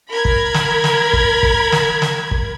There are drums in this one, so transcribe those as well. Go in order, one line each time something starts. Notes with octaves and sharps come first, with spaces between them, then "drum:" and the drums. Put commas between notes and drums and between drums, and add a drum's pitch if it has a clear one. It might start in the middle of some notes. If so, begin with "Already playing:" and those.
A#4 B5 G#6
drum: kick
drum: snare
drum: snare
drum: kick
drum: kick
drum: snare
drum: snare
drum: kick